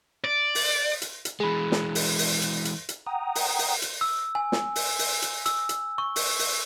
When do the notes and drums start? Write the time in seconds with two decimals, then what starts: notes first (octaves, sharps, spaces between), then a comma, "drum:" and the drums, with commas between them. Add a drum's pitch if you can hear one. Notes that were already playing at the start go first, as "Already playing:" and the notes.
0.24 D5
0.55 drum: open hi-hat
1.02 drum: hi-hat
1.25 drum: hi-hat
1.40 E3 G#3 G#4 B5
1.72 drum: snare
1.95 drum: open hi-hat
2.19 drum: open hi-hat
2.42 drum: hi-hat
2.65 drum: hi-hat
2.89 drum: hi-hat
3.06 F#5 G5 A#5 D#6
3.35 drum: open hi-hat
3.59 drum: open hi-hat
3.82 drum: hi-hat
4.01 E6
4.35 G#5
4.52 drum: snare
4.76 drum: open hi-hat
4.99 drum: open hi-hat
5.22 drum: hi-hat
5.46 E6, drum: hi-hat
5.69 drum: hi-hat
5.98 C#6
6.16 drum: open hi-hat
6.39 drum: open hi-hat